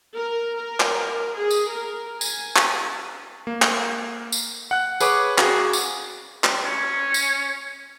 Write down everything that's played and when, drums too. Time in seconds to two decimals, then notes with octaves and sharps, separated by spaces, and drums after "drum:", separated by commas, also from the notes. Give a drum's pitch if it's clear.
0.15 A#4
0.56 A#4
0.80 drum: clap
1.36 G#4
1.51 drum: tambourine
1.70 A#4
2.21 G#5, drum: tambourine
2.56 drum: clap
3.47 A#3
3.62 drum: clap
4.32 drum: tambourine
4.71 F#5 F#6
5.00 G#4 B4 C#5 D6, drum: tambourine
5.38 F#4 G#4, drum: clap
5.73 drum: tambourine
6.44 drum: clap
6.65 C#4
7.14 drum: tambourine